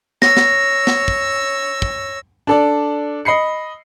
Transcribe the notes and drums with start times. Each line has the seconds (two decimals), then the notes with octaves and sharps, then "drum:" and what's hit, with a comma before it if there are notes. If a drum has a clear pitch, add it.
0.22 C#5 E6 A#6, drum: snare
0.37 drum: snare
0.87 drum: snare
1.08 drum: kick
1.82 drum: kick
2.47 D4 A4 D5
3.25 D#5 B5 C7 C#7